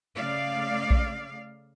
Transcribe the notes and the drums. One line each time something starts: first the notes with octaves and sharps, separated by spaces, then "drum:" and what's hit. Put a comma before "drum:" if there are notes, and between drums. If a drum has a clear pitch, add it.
C#3 A3 D5 F5
drum: kick A#1